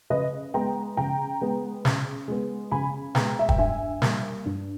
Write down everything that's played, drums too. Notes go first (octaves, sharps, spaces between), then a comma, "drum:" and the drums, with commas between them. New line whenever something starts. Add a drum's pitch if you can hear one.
C#3 B4 D#5
G#3 B3 G5 A#5
C#3 G5 A#5
G#3 B3
C#3, drum: snare
G#3 B3
C#3 G#5 B5
G#3 B3 G5 A#5, drum: snare
E5
G5, drum: kick
G2 E5 G#5
G3 A#3, drum: snare
G2